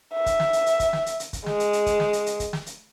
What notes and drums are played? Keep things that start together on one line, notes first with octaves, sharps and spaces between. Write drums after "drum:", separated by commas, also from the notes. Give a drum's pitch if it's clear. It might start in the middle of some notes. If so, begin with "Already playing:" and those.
E5
drum: kick, hi-hat
drum: snare
drum: hi-hat
drum: hi-hat
drum: kick, hi-hat
drum: snare
drum: hi-hat
drum: hi-hat
drum: kick, hi-hat
G#3, drum: snare
drum: hi-hat
drum: hi-hat
drum: kick, hi-hat
drum: snare
drum: hi-hat
drum: hi-hat
drum: kick, hi-hat
drum: snare
drum: hi-hat